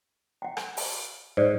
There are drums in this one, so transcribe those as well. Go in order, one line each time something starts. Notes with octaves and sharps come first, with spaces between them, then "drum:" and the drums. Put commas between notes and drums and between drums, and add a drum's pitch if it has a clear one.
F#5 G5
drum: rim click
drum: open hi-hat
G#2 C5 D5